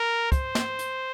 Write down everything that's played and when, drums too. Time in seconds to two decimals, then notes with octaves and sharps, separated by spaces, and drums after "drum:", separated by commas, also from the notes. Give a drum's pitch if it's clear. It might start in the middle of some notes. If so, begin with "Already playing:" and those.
Already playing: A#4
0.32 C5, drum: kick, hi-hat
0.55 drum: snare
0.79 drum: hi-hat